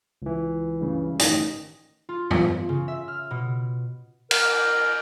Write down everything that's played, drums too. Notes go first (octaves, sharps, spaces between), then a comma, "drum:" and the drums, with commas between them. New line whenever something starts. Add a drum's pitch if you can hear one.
C#2 E3
G2 C#3
A1 D#3 D#6 A#6, drum: hi-hat
F4
drum: tom G#2
C#3
E5
F6
B2
A#4, drum: cymbal